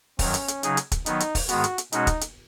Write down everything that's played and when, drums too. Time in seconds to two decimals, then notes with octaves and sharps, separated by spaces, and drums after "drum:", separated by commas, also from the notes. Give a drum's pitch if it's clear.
0.19 F#2 D#3 F#3 C#4, drum: kick, open hi-hat
0.34 drum: hi-hat
0.48 drum: hi-hat
0.63 C#3 F#3 D#4 G#4, drum: hi-hat
0.77 drum: hi-hat
0.92 drum: kick, hi-hat
1.06 D#3 F#3 B3 D#4, drum: hi-hat
1.20 drum: hi-hat
1.35 drum: kick, open hi-hat
1.49 G#2 D#3 G#3 B3 F#4, drum: hi-hat
1.64 drum: hi-hat
1.78 drum: hi-hat
1.92 B2 G#3 C#4 D#4 F#4, drum: hi-hat
2.07 drum: kick, hi-hat
2.21 drum: hi-hat